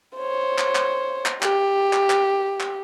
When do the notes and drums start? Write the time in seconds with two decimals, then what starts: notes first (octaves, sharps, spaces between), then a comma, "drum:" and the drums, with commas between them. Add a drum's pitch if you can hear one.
0.17 C5 C#5
0.58 drum: clap
0.75 drum: clap
1.26 drum: clap
1.43 G4, drum: clap
1.93 drum: clap
2.10 drum: clap
2.60 drum: clap